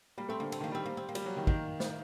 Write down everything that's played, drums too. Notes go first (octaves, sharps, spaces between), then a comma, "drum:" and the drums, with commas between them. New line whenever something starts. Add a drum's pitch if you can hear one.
G3 A#3
A3 C4
D3 A#3
C4, drum: cymbal
D#3
A#3
G3 C4
A#3
C4
A#3
G3, drum: cymbal
F#3
D#3
D#3 A#3, drum: kick
drum: snare